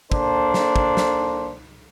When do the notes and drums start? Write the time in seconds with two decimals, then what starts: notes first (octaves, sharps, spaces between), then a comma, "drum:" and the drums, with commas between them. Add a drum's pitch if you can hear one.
0.12 A#3 D4 A4 C5, drum: kick
0.54 drum: snare
0.76 drum: kick
0.97 drum: snare